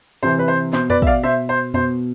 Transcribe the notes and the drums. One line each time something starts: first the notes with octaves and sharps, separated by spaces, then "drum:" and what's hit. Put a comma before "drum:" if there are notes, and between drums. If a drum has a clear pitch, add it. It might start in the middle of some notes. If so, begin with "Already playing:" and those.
C3 E3 C5
B4
C5
B2 C5, drum: clap
B4 D5, drum: tom F2
E5, drum: kick
D5 F5
B2 C5 E5
C5
B2 C5, drum: tom F2